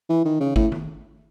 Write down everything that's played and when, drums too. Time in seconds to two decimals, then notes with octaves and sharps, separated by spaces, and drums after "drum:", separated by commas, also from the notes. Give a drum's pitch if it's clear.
0.09 E3
0.25 D#3
0.40 C#3
0.56 A2, drum: kick G#1
0.72 drum: tom D#3